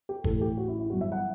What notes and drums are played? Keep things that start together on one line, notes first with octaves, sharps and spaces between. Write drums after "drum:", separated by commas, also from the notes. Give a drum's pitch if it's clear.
G4
A1 A2 E3 A4, drum: kick G1
G4
F#4
E4
E4
G1 F#2 E3 F#4
E5
F#5